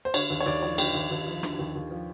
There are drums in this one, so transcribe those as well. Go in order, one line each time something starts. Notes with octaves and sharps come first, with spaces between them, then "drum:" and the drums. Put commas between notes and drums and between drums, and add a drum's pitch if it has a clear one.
C5
D3 C#5, drum: cymbal
D#2
C#5
D#2 D5
F3 C#5
D3 G4, drum: cymbal
D#2
D#2
F3
D3, drum: rim click
D#2
D#2
F3